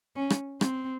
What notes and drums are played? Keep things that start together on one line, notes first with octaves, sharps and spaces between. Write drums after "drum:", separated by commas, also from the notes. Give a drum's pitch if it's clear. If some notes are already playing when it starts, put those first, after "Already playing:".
C#4
drum: rim click
C4, drum: rim click